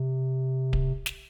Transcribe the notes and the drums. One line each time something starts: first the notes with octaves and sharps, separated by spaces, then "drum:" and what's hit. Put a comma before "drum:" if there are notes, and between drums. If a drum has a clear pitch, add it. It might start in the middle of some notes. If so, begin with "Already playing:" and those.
Already playing: C3
drum: kick D1
drum: snare